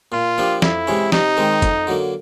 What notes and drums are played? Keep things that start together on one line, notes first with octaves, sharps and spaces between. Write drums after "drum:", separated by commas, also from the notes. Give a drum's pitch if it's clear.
A#2 F4
F3 A#3 D4 G4
F2 E4, drum: snare
C3 E3 G#3 C#4
C3 D#4, drum: snare
D#3 G#3 C4
F2, drum: kick, hi-hat
D3 F#3 A#3